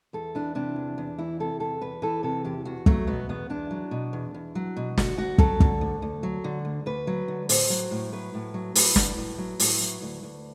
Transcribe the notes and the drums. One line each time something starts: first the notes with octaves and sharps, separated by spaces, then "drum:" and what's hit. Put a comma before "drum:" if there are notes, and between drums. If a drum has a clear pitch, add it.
E2 A4
E3 D4
C3 D4
E2
E2
E3 E4
C3 A4
E2 A4
E2 B4
E3 A4
C3 A4
E2 G4
E2 F#4
F#3 A3, drum: kick
B2 B3
E2 B3
E2 D4
F#3
B2
E2
E2
F#3
B2
D2 F#4, drum: snare
D2 F#4
F#3 A4, drum: kick
D3, drum: kick
D2
D2
F#3
D3
D2
D2 B4
F#3
D3
A2 C5, drum: open hi-hat
F#3
A2
F#3 B4
A2
F#3
A2 B4, drum: open hi-hat
F#3, drum: snare
A2
F#3
A2, drum: open hi-hat
F#3
D2
D2